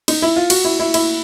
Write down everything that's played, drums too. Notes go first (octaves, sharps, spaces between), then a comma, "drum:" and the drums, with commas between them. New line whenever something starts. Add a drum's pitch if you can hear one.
D#4, drum: cymbal
E4
F4
F#4, drum: cymbal
E4
E4
E4, drum: cymbal